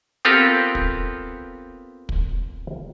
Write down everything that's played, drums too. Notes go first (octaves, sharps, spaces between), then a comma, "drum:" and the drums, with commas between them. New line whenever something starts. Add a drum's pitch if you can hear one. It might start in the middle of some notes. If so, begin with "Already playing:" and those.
B3 C4 F4 G4 A4 A#4
drum: kick
drum: kick